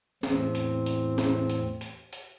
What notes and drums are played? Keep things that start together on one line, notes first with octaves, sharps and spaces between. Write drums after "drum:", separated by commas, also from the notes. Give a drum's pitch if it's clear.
E2 A2 C4, drum: snare
drum: hi-hat
drum: hi-hat
drum: snare
drum: hi-hat
drum: hi-hat
drum: hi-hat